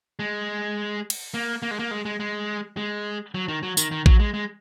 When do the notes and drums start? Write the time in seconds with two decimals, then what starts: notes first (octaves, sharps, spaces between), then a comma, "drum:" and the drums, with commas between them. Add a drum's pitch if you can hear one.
0.19 G#3
1.10 drum: cymbal
1.34 A#3
1.62 A#3
1.71 G#3
1.79 A#3
1.91 G#3
2.05 G#3
2.20 G#3
2.77 G#3
3.35 F#3
3.48 D#3
3.63 F#3
3.77 D#3, drum: tambourine
3.91 D#3
4.06 F#3, drum: kick A1
4.19 G#3
4.34 G#3